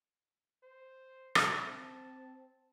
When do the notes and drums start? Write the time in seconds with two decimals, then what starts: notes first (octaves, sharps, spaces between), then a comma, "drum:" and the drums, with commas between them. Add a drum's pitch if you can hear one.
0.63 C5
1.35 drum: rim click
1.64 C4 A5